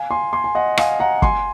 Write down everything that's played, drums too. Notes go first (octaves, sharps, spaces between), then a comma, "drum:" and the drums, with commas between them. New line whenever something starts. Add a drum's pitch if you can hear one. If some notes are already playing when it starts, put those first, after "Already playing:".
Already playing: F5 G#5
G#5 C6
G#5 C6
G#5
D#5 F#5
F5 G#5, drum: rim click
F#5 A#5
G#5 C6, drum: kick